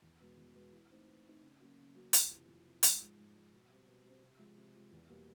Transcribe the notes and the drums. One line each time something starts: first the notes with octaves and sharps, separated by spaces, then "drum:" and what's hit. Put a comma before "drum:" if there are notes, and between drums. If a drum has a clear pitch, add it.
E2
B2 G#3 B3
E2
B2 G#3 B3
E3
A3 C4 D#4
E3
A3 C4 D#4
C#3
F#3 A#3 C#4 F#4
C#3
F#3 A#3 C#4 F#4
F2, drum: hi-hat
C3 E3
F2
C3 E3
G#2, drum: hi-hat
F3 G#3
G#2
F3 G#3
B2
G3 C4
B2
G3
C4
C3
F3 G#3
C3
F3 G#3
E2
B2 G3 A#3